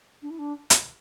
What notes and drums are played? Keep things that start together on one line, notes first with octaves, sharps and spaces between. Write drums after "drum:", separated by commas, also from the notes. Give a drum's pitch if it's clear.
D4
E4
D4
drum: hi-hat